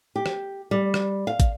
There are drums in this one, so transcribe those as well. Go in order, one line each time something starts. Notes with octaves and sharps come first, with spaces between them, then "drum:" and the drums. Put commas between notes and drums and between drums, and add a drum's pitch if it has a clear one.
G4
drum: rim click
G3
drum: rim click
F5
drum: kick, hi-hat